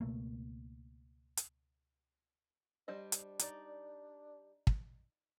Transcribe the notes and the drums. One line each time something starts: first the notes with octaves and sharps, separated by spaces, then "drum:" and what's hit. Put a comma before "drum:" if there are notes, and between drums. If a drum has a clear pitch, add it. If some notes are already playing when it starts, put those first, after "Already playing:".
C#2 B2 A3 A#3
drum: hi-hat
G3 D4 C5 D#5
drum: hi-hat
D#4 D5, drum: hi-hat
drum: kick